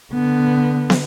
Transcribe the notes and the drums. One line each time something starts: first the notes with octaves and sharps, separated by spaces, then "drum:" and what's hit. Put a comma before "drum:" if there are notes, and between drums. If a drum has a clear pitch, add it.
D3 B3
drum: snare